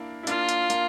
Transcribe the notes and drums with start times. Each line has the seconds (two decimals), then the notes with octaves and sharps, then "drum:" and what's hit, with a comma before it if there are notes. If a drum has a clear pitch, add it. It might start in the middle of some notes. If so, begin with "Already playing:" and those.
Already playing: A#3 D4 E4
0.23 E4
0.27 A#3 D4 F4, drum: hi-hat
0.49 drum: hi-hat
0.70 A#3, drum: hi-hat